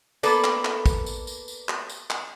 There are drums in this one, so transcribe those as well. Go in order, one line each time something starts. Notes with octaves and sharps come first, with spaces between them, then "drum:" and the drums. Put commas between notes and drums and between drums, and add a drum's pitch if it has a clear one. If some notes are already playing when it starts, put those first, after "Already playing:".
A#3 B3 A4 B4 D5, drum: tambourine
drum: clap
drum: clap
drum: kick, tambourine
drum: tambourine
drum: tambourine
drum: tambourine
drum: clap
drum: tambourine
drum: clap